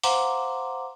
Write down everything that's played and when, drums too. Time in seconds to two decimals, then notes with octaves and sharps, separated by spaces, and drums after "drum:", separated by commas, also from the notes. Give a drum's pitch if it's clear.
0.03 C5 F5 F#5 A#5 C6 D6, drum: open hi-hat